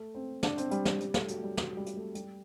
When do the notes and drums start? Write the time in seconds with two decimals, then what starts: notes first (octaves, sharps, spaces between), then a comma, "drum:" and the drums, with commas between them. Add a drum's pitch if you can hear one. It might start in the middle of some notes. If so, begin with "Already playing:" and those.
Already playing: A3
0.15 C4
0.43 D4, drum: snare
0.58 C4, drum: hi-hat
0.71 G3, drum: hi-hat
0.85 G3, drum: snare
1.00 G3, drum: hi-hat
1.14 A3, drum: snare
1.28 F#3, drum: hi-hat
1.43 G3
1.57 F#3, drum: snare
1.77 G3
1.86 drum: hi-hat
1.96 A3
2.15 G3, drum: hi-hat